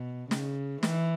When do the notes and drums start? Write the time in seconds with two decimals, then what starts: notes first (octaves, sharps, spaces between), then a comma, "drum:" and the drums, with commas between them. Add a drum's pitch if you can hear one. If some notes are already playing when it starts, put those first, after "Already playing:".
Already playing: B2
0.31 C#3, drum: snare
0.83 E3, drum: snare